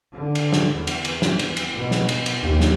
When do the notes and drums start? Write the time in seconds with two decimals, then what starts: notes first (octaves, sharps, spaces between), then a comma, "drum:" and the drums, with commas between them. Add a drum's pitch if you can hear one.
0.13 D3
0.35 drum: cymbal
0.53 drum: snare
0.73 E2
0.87 drum: cymbal
1.05 drum: cymbal
1.22 drum: snare
1.39 drum: cymbal
1.57 drum: cymbal
1.74 B2
1.91 drum: snare
2.09 drum: cymbal
2.26 drum: cymbal
2.40 D#2
2.61 drum: snare